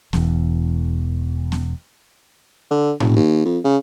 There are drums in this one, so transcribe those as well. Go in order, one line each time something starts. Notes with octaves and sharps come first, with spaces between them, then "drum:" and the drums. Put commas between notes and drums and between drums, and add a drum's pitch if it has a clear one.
E1 E2, drum: snare B3
drum: snare B3
D3
F1, drum: tom A2
D#2
F2
C#3